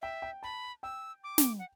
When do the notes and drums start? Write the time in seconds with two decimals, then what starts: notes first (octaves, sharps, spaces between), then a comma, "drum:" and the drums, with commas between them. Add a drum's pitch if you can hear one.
0.02 E5 G5
0.22 G5
0.43 A5 B5
0.83 G5 E6
1.24 D6
1.38 drum: snare
1.59 F#5